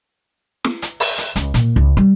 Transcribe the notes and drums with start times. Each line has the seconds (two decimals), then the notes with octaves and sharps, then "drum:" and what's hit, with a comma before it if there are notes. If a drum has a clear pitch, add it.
0.64 drum: snare
0.82 drum: hi-hat
1.00 drum: open hi-hat
1.18 drum: hi-hat
1.36 C#2, drum: hi-hat
1.54 A#2, drum: hi-hat
1.76 C#2
1.97 G3